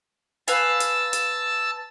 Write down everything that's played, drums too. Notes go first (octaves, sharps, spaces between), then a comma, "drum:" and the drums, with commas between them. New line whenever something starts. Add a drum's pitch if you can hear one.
B4 F5 G#5 A5 E6, drum: hi-hat
drum: hi-hat
drum: hi-hat